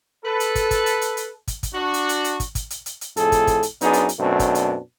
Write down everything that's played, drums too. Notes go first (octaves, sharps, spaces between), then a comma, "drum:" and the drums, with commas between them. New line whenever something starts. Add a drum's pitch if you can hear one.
A4 B4
drum: hi-hat
drum: kick, hi-hat
drum: kick, hi-hat
drum: hi-hat
drum: hi-hat
drum: hi-hat
drum: kick, hi-hat
drum: kick, hi-hat
D4 F#4
drum: hi-hat
drum: hi-hat
drum: hi-hat
drum: kick, hi-hat
drum: kick, hi-hat
drum: hi-hat
drum: hi-hat
drum: hi-hat
F2 A2 G#4 A4, drum: hi-hat
drum: kick, hi-hat
drum: kick, hi-hat
drum: hi-hat
F#2 B3 D4 D#4 G#4, drum: hi-hat
drum: hi-hat
drum: hi-hat
F#2 B2 A3 C4 D4
drum: kick, hi-hat
drum: hi-hat